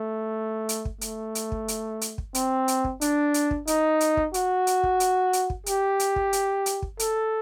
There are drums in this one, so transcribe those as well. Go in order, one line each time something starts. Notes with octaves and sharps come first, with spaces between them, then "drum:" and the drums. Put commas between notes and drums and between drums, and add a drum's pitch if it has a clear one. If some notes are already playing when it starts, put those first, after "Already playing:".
Already playing: A3
drum: hi-hat
drum: kick
A3, drum: hi-hat
drum: hi-hat
drum: kick
drum: hi-hat
drum: hi-hat
drum: kick
C4, drum: hi-hat
drum: hi-hat
drum: kick
D4, drum: hi-hat
drum: hi-hat
drum: kick
D#4, drum: hi-hat
drum: hi-hat
drum: kick
F#4, drum: hi-hat
drum: hi-hat
drum: kick
drum: hi-hat
drum: hi-hat
drum: kick
G4, drum: hi-hat
drum: hi-hat
drum: kick
drum: hi-hat
drum: hi-hat
drum: kick
A4, drum: hi-hat